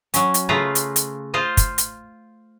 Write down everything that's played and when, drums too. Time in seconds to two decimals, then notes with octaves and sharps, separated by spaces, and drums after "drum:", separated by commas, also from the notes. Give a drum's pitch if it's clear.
0.14 F#3 C#4, drum: hi-hat
0.34 drum: hi-hat
0.49 C#3 A3 F4 B4 A#5
0.75 drum: hi-hat
0.96 drum: hi-hat
1.34 F4 C5 D#5
1.57 drum: kick, hi-hat
1.78 drum: hi-hat